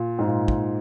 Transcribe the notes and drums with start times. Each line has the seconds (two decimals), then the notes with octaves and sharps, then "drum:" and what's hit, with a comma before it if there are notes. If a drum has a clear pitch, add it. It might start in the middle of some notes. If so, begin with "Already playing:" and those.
Already playing: A#2
0.19 G#2
0.26 A#2
0.48 drum: kick